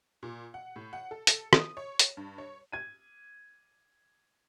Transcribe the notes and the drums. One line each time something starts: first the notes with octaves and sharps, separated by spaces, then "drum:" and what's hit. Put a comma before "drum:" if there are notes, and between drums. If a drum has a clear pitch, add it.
A#2
F#5
A2
F#5
A4
A4, drum: hi-hat
D#6, drum: rim click
C#5
drum: hi-hat
G2
C#5
G#6 D#7